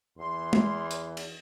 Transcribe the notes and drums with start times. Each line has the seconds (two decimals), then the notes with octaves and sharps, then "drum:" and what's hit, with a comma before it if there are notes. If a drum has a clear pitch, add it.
0.18 E2 C6
0.53 drum: tom
0.91 drum: hi-hat
1.17 drum: cymbal